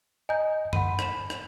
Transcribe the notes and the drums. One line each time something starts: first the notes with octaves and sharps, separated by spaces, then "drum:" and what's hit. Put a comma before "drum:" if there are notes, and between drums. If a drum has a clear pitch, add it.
D#5 G#5 A#5 G6
F#5 B5 C6 D#7, drum: tom F#2
B6 E7, drum: rim click
drum: rim click